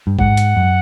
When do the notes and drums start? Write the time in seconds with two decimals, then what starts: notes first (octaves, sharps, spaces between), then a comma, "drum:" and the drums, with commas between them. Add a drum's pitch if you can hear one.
0.07 G2
0.19 G#2 F#5, drum: kick
0.37 drum: hi-hat
0.57 F#2